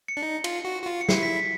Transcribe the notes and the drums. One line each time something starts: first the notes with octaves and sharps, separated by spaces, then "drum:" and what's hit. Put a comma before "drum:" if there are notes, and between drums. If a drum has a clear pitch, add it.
C#7
D4
D#4
F4, drum: cymbal
F#4
F#4
F4
C#7
E4 C7, drum: snare
B6
B6